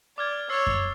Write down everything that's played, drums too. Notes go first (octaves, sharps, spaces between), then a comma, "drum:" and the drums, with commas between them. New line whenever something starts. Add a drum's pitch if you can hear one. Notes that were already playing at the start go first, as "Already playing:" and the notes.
D5 D6 F6 G#6
C#5 E6 A6 C7
drum: kick F#2